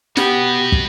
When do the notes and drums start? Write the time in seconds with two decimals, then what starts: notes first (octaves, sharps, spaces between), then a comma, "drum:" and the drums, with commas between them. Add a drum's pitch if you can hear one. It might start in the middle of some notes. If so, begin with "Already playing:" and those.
0.17 B3 F#4 G4 B4, drum: snare
0.72 drum: kick